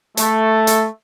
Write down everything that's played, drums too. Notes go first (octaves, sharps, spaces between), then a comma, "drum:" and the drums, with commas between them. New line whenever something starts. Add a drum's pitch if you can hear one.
A3, drum: hi-hat
drum: hi-hat